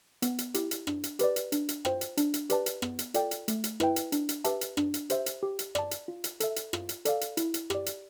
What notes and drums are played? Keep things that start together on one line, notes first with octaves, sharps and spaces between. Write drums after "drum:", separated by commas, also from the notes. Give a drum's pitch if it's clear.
B3, drum: hi-hat
drum: hi-hat
E4 G4, drum: hi-hat
drum: hi-hat
D4, drum: rim click
drum: hi-hat
G4 B4 D5, drum: hi-hat
drum: hi-hat
D4, drum: hi-hat
drum: hi-hat
F4 C5 G5, drum: rim click
drum: hi-hat
D4, drum: hi-hat
drum: hi-hat
G4 B4 D5 A5, drum: hi-hat
drum: hi-hat
B3, drum: rim click
drum: hi-hat
F4 A4 D5 G5, drum: hi-hat
drum: hi-hat
A3, drum: hi-hat
drum: hi-hat
E4 B4 E5 G5, drum: rim click
drum: hi-hat
D4, drum: hi-hat
drum: hi-hat
G4 B4 E5 A5, drum: hi-hat
drum: hi-hat
D4, drum: rim click
drum: hi-hat
G4 C5 E5, drum: hi-hat
drum: hi-hat
G4
drum: hi-hat
D5 A5, drum: rim click
drum: hi-hat
F4
drum: hi-hat
A4 E5, drum: hi-hat
drum: hi-hat
F4, drum: rim click
drum: hi-hat
A4 D5 F5, drum: hi-hat
drum: hi-hat
E4, drum: hi-hat
drum: hi-hat
G4 D5, drum: rim click
drum: hi-hat